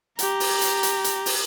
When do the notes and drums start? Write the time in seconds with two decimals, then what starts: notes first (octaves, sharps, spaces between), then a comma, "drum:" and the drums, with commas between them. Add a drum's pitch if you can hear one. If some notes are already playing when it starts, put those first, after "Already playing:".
0.19 G4 A#5, drum: hi-hat
0.40 drum: open hi-hat
0.61 drum: hi-hat
0.83 drum: hi-hat
1.04 drum: hi-hat
1.26 drum: open hi-hat